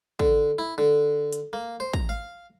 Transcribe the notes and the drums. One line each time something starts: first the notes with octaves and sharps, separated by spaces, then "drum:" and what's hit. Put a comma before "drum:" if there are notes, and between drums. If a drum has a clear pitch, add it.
D3, drum: kick
E4
D3
drum: hi-hat
A#3
C5
A#5, drum: kick
F5